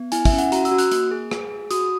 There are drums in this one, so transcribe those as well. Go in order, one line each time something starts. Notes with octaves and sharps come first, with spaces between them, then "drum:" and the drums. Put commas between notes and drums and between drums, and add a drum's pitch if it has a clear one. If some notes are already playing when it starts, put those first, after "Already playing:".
Already playing: B3
E4 G#5, drum: hi-hat
E5, drum: kick, open hi-hat
C#4
F#5, drum: hi-hat
F#4 A#5, drum: hi-hat
E6, drum: hi-hat
F#4
F#6, drum: hi-hat
A#3, drum: hi-hat
G#4
G#4, drum: rim click
G#4
F#4 D#6, drum: hi-hat